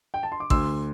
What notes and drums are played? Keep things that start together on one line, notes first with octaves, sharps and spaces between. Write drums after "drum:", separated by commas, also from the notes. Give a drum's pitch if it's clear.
G5
A5
C6
D6
D2 D3 C6 E6, drum: kick A1